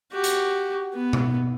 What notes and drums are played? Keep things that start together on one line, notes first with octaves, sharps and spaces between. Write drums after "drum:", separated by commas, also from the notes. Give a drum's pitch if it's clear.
F#4 G4
drum: hi-hat
B3
drum: tom B2